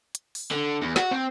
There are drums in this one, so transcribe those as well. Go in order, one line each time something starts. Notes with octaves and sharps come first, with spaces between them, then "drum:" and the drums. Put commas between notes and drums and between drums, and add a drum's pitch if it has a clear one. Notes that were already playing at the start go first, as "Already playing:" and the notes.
drum: hi-hat
drum: open hi-hat
D3
E2
F#4, drum: snare
C4